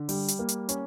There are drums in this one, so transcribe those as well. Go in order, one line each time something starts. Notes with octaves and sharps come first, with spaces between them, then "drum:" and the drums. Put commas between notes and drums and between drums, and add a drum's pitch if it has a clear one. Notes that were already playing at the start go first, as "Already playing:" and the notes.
Already playing: D3
G3, drum: open hi-hat
drum: hi-hat
A#3
drum: hi-hat
C#4, drum: hi-hat